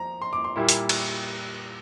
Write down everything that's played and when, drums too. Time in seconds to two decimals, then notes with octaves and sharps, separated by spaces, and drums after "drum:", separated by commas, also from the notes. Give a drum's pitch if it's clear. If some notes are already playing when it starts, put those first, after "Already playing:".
Already playing: F3 A#5
0.22 C6
0.33 D6
0.44 C6
0.56 A#2 G3 A#3 E4
0.69 drum: hi-hat
0.89 drum: cymbal